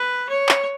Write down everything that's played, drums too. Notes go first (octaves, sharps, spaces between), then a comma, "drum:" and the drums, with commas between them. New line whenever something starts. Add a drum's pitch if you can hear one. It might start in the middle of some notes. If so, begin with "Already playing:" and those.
Already playing: B4
C#5
drum: clap